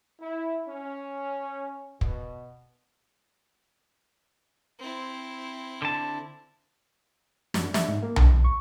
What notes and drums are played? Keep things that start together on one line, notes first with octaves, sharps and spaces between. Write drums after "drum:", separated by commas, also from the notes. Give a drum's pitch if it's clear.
E4
C#4
B2, drum: kick
C4 E4
D3 A5
F#2, drum: snare
E5, drum: snare
G#2
A#3
D3, drum: tom B1
E2
C#6